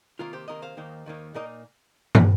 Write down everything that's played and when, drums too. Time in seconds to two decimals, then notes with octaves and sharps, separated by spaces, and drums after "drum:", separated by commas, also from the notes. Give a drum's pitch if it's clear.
0.19 C3 D#3 A#3 F4 A#4
0.33 G4 C5
0.48 C3 D#3 A#3 A#4 D#5
0.62 C5 F5
0.77 D#2 D#3 A#3 D#4
1.06 D#2 D#3 A#3 D#4
1.34 A#2 A#3 D#4 A#4 D#5
2.15 drum: tom